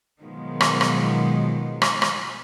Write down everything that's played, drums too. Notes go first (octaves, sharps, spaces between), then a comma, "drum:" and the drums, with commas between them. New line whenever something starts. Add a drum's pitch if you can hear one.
B2 D#3 F3 F#3 G#3 B3
drum: rim click
drum: rim click
drum: rim click
drum: rim click